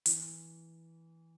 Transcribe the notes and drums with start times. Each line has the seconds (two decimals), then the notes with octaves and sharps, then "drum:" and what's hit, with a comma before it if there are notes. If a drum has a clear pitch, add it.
0.06 E3, drum: hi-hat